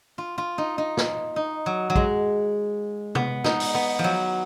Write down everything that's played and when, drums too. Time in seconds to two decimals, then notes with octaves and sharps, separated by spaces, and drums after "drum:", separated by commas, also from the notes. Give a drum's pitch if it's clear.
0.18 F4
0.38 F4
0.58 D#4
0.78 D#4
0.97 drum: snare
1.36 D#4
1.66 F#3
1.90 F#3
1.96 G#3, drum: kick
3.15 B3, drum: tom C3
3.44 D#4, drum: snare
3.60 drum: open hi-hat
3.75 B3
3.99 F3
4.04 F#3